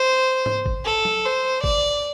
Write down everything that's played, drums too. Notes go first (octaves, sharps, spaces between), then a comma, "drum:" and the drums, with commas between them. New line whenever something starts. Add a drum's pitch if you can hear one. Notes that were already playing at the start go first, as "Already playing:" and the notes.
Already playing: C5
drum: tom G#2
drum: kick G#1
A4
drum: tom F#3
C5
D5, drum: kick G#1